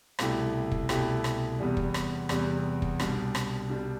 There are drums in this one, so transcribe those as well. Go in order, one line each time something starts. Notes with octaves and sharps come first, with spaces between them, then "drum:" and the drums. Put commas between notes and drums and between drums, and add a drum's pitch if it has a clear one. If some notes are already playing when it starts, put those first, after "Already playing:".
C2 B2 A3 E4 G4, drum: rim click
drum: kick
C2 B2 A3 E4 G4, drum: rim click
drum: rim click
E2 C3 G3 B3
drum: kick
drum: rim click
E2 C3 G3 B3, drum: rim click
drum: kick
C2 B2 G3 D4, drum: rim click
drum: rim click
C2 B2 G3 D4